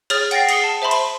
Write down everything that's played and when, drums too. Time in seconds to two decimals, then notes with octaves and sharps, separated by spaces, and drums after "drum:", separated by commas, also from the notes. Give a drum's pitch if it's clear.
0.10 G#4 C#5 D#6 F6 A6, drum: cymbal
0.31 F#5 G5 A6 A#6 C7, drum: cymbal
0.49 G#4 D#6 C7 C#7 G7, drum: cymbal
0.64 A5
0.82 C5 E5 A5 B5 C6
0.91 drum: cymbal